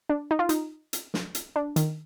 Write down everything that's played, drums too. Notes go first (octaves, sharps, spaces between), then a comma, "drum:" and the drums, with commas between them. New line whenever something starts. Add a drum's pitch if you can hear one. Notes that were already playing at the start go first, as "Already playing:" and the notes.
D4
D#4
F4
D#4, drum: hi-hat
drum: hi-hat
drum: snare
drum: hi-hat
D4
D#3, drum: hi-hat